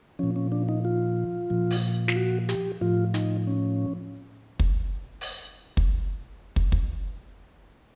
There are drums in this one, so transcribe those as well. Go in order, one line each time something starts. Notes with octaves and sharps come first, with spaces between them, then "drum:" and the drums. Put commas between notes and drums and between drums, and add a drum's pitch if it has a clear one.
A#2 F3 C#4
C#4
D4
D#4
F4
A#2 F3
drum: open hi-hat
F4, drum: snare
F#4
G4, drum: hi-hat
A2 F3 F4
D#4, drum: hi-hat
C#4
drum: kick
drum: open hi-hat
drum: kick
drum: kick
drum: kick